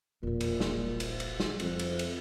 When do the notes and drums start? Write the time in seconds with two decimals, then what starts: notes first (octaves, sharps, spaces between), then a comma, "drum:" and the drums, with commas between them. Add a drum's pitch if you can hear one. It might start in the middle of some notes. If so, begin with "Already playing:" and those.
0.23 E1 A#1 A#2
0.40 drum: cymbal
0.60 drum: snare
1.00 drum: cymbal
1.20 drum: cymbal
1.40 drum: snare
1.59 F2, drum: cymbal
1.79 drum: cymbal
1.99 drum: cymbal